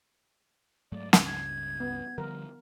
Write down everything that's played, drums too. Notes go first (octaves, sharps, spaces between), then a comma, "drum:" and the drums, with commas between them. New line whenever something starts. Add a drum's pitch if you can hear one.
G#2 F#3 A3 D5
C#2 G2 C#3 E6, drum: snare
G#6
B3
D3 F3 G3 A#4